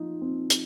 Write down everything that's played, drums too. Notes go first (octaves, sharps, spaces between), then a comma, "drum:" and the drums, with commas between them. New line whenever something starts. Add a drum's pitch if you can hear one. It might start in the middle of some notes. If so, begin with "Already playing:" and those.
Already playing: F3 D#4
C4
drum: hi-hat